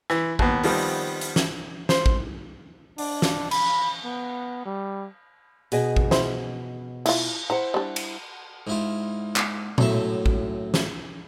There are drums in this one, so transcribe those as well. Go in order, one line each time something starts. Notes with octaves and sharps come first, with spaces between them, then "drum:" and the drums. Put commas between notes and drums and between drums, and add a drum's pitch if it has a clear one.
E3, drum: rim click
D#2 B3, drum: kick
D#3 F3 G3 B3 C4, drum: open hi-hat
drum: hi-hat
drum: snare
C5, drum: snare
drum: kick
D4, drum: open hi-hat
drum: snare
B5, drum: cymbal
B3
G3
B2 G#4 D#5, drum: hi-hat
drum: kick
E4 C5, drum: snare
E4 F4, drum: cymbal
E4 C5 F#5 A#5
G3 D4
drum: cymbal
G#2 E4 F4
drum: clap
F#2 A2 A4 E5, drum: tom A#2
drum: kick
drum: snare